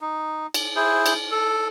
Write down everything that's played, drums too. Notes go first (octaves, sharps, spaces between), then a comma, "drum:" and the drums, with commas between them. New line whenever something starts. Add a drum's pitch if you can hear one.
D#4
drum: cymbal
E4 G#4 C5
drum: cymbal
A4